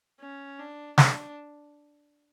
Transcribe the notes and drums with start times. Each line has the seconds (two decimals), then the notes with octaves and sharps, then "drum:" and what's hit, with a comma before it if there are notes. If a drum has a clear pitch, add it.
0.20 C#4
0.59 D4
0.98 D4, drum: snare